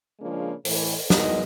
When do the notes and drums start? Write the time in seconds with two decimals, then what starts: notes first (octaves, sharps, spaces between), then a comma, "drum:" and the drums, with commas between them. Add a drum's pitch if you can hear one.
0.20 C#3 F3 G#3 A#3 D4
0.65 A2 E3, drum: open hi-hat
1.10 G#3 B3 D#4 F#4 A#4 D#5, drum: snare